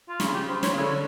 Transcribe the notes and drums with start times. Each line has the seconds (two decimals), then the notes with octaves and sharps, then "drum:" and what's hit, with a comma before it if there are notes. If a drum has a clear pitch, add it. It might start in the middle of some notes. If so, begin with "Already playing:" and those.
0.09 F4
0.20 C#3 F#4, drum: snare
0.34 G4
0.49 C5
0.63 C#5, drum: snare
0.73 C#3
0.78 D3 C#5